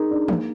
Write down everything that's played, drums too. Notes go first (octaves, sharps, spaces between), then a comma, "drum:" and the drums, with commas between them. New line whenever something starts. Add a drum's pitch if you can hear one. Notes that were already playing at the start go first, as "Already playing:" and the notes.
Already playing: D#4 G#4 A#4
D4
A#3, drum: tom